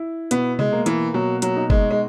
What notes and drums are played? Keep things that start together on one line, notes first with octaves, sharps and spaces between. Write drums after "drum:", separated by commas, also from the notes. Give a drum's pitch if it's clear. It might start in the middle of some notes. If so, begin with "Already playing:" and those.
Already playing: E4
B2 B3, drum: hi-hat
G#3, drum: tom C3
A#3
E3, drum: hi-hat
B2 F#3
F#3, drum: hi-hat
D#4
G#3, drum: kick F#1
G#3